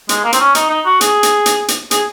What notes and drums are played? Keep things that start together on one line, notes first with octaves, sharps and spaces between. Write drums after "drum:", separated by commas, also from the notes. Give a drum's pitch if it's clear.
G#3, drum: hi-hat
A#3
C4, drum: hi-hat
C#4
D#4, drum: hi-hat
D#4
F#4
G#4, drum: hi-hat
drum: hi-hat
drum: hi-hat
drum: hi-hat
G#4, drum: hi-hat